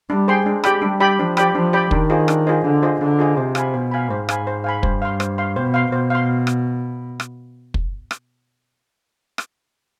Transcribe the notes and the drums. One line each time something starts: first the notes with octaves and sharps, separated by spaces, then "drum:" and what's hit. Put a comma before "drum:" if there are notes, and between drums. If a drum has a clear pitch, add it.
G3 D4
G#4 C5 G5 C6
G#3 D4
G4 D5 G5 B5, drum: rim click
G3 D4
G4 D5 G5 B5
F3 D4
G4 D5 G5 B5, drum: rim click
F3 D4
G4 D5 G5 B5
D#3 D4, drum: kick
F4 G#4 C5 D#5
D4, drum: rim click
F4 G#4 C5 D#5
D3 D4
F4 G#4 C5 D#5
D3 D4
F4 G#4 C5 D#5
C3 C5
F5 G#5 B5, drum: rim click
B2 C5
F5 G#5 B5
G#2 C5
F5 G#5 B5, drum: rim click
C5
F5 G#5 B5
G2 C5, drum: kick
F5 C6
C5, drum: rim click
F5 C6
B2 C5
F5 C6
B2 C5
F5 C6
drum: rim click
drum: rim click
drum: kick
drum: rim click
drum: rim click